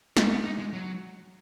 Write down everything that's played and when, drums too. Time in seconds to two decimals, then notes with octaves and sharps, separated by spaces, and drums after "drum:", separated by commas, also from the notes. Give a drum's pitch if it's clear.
0.17 C#4, drum: snare
0.31 B3
0.45 D#4
0.59 G#3
0.73 F#3